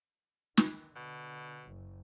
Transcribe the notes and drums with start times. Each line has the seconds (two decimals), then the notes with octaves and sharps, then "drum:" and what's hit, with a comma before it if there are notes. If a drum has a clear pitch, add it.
0.57 D#3, drum: snare
0.96 B2 D3
1.65 F#1 F#2